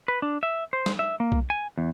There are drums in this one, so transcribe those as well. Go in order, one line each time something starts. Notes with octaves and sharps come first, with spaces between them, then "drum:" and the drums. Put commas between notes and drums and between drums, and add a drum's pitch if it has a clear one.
B4
D4
E5
C5
drum: snare
E5
A#3
drum: kick B1
G#5
E2